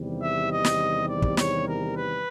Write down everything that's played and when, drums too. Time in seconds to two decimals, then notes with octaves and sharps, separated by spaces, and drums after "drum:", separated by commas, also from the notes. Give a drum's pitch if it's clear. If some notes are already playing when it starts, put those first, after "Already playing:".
Already playing: E2 C3 D#3 G3
0.21 E5
0.51 D#5
0.64 drum: snare
1.08 D5
1.22 drum: kick
1.37 C#5, drum: snare
1.66 A#4
1.95 B4